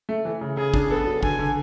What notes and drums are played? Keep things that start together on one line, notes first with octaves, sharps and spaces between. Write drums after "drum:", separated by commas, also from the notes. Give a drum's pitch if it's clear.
A3
E3
C#3
C#3 G#4
D4, drum: kick
B3 A4
F#3
D3 G#5, drum: kick
D3